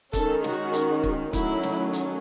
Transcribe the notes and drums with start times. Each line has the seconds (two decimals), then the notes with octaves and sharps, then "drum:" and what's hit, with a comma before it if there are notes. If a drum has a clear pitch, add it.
0.13 D#3 G#3 C#4 A4, drum: kick, hi-hat
0.44 F#4, drum: snare
0.74 drum: hi-hat
1.04 drum: kick
1.33 D#3 F#3 A3 C#4 E4, drum: kick, hi-hat
1.63 drum: snare
1.93 drum: hi-hat